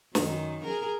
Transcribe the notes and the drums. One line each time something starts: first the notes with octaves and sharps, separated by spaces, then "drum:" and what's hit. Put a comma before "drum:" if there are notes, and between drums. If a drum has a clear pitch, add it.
F#2 D#3, drum: snare
G#4 A#4